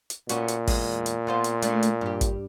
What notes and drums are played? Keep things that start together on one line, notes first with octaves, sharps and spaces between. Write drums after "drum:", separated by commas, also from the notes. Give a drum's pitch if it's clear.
drum: hi-hat
A#2 B3 C#4 F#4, drum: hi-hat
drum: hi-hat
E2 G#3, drum: kick, open hi-hat
drum: hi-hat
B3 F4 C5
drum: hi-hat
A3 D4, drum: hi-hat
drum: hi-hat
G2 G4
drum: kick, hi-hat